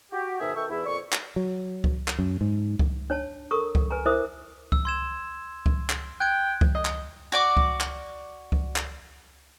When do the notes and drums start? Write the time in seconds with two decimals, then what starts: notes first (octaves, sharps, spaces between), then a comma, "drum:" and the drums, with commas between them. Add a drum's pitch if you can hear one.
0.12 F#4 G4
0.39 G#2 B2 D#3 G#4 E5
0.55 B2 D#3 A4 E5 G5 C#6
0.70 E2 E4
0.86 F2 A#2 D5 C#6
1.12 drum: clap
1.36 F#3
1.84 drum: kick C#2
2.08 drum: clap
2.19 F#2
2.41 G#2
2.79 drum: kick C#2
3.10 D4 C#5 A5
3.51 A4 A#4 A#5 C#6 D#6
3.75 drum: kick C#2
3.91 B4 G#5 A#5
4.06 E4 A#4 C5 E5 D6 D#6
4.72 E6, drum: kick C#2
4.85 C6 G#6 E7
5.66 drum: kick C#2
5.90 drum: clap
6.20 G5 F#6 G#6 D7
6.61 drum: kick C#2
6.75 D#5
6.85 drum: clap
7.32 F#4 D5 D6
7.57 drum: kick C#2
7.81 drum: clap
8.52 drum: kick C#2
8.76 drum: clap